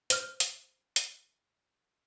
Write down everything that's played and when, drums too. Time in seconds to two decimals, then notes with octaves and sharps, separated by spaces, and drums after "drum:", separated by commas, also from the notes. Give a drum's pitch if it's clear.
0.10 C5 F6, drum: hi-hat
0.40 drum: hi-hat
0.96 drum: hi-hat